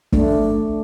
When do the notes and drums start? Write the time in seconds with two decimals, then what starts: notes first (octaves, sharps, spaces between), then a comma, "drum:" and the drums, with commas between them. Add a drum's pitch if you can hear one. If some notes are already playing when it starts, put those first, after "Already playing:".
0.13 A3 D4, drum: kick